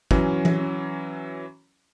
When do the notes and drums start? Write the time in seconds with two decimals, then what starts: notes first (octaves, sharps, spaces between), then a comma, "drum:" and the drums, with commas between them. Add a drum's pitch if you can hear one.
0.11 E3 F#3 C#4, drum: kick
0.45 drum: tom E3